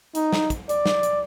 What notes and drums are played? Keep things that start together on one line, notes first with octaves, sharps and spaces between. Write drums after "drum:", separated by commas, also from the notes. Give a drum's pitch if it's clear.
D#4, drum: hi-hat
drum: snare
drum: kick, hi-hat
D5, drum: hi-hat
drum: snare
drum: hi-hat